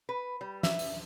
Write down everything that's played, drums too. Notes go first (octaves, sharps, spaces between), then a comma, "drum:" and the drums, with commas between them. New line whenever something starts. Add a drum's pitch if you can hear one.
B4
G3
E5, drum: snare
drum: open hi-hat